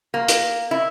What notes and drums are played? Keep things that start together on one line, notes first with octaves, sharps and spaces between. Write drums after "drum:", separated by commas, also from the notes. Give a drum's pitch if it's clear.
A#3
drum: hi-hat
E4